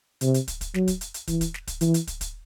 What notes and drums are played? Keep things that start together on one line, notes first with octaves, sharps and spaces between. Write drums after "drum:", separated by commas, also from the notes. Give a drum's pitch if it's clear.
C3, drum: hi-hat
drum: hi-hat
drum: kick, hi-hat
drum: kick, hi-hat
F#3, drum: snare
drum: kick, hi-hat
drum: hi-hat
drum: hi-hat
E3, drum: kick, hi-hat
drum: kick, hi-hat
drum: snare
drum: kick, hi-hat
E3, drum: hi-hat
drum: hi-hat
drum: kick, hi-hat
drum: kick, hi-hat